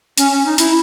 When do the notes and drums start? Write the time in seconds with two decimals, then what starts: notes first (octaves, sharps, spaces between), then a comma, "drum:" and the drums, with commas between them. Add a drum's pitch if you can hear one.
0.18 C#4, drum: hi-hat
0.31 C#4
0.45 D#4
0.58 E4, drum: hi-hat